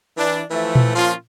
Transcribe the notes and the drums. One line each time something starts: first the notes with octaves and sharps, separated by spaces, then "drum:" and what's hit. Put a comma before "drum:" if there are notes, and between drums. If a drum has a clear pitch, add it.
E3 D4
E3 F3 A3
drum: tom A#2
F3 A#3 C#4 F4